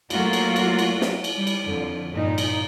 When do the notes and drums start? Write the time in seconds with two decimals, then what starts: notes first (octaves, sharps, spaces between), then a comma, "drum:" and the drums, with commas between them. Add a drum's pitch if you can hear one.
0.10 F#3 A3 A#3 F4 F#4, drum: cymbal
0.33 drum: cymbal
0.56 drum: cymbal
0.79 drum: cymbal
1.01 drum: snare
1.24 drum: cymbal
1.37 G3
1.47 drum: cymbal
1.66 F2 D3 F3
2.11 G2 A#2 D#4
2.38 drum: cymbal